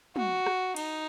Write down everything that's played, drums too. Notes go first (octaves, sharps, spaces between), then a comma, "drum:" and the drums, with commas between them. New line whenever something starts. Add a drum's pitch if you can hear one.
F#4, drum: tom
drum: rim click
D#4, drum: cymbal